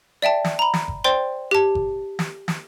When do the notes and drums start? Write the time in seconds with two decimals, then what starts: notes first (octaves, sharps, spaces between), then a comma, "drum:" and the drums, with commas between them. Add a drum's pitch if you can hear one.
0.22 D5 E5 G5 A5
0.44 drum: snare
0.59 A#5 B5
0.74 drum: snare
0.88 drum: kick G1
1.04 C5 D5 G5 C6
1.51 G4 A5
1.75 drum: kick G1
2.19 drum: snare
2.48 drum: snare